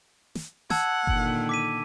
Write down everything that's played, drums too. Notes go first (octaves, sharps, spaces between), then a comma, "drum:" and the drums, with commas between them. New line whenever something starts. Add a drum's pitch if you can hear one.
drum: snare
F#5 A5 E6 G#6, drum: snare
A#2 D3 D#3, drum: kick F#1
D6 B6 D#7